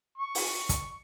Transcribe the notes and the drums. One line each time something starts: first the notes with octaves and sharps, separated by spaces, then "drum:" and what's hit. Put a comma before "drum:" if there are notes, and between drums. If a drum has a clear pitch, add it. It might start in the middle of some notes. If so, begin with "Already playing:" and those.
C#6
drum: open hi-hat
drum: kick, hi-hat